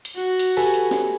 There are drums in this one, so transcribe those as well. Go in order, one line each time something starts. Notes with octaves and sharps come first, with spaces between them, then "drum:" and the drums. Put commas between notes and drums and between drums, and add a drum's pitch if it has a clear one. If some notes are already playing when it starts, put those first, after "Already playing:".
drum: hi-hat
F#4
drum: hi-hat
G4 A4 B4 G#5, drum: open hi-hat
drum: hi-hat
drum: snare